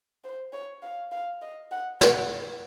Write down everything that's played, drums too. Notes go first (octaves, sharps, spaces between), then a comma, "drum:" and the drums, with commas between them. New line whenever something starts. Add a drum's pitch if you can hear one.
C5
C#5
F5
F5
D#5
F#5
F#5, drum: snare